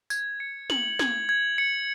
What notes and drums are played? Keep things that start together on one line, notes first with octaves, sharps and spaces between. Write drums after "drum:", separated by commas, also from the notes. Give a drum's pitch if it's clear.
G#6, drum: tambourine
C#7
F#7, drum: snare
G#6, drum: snare
G#6
C#7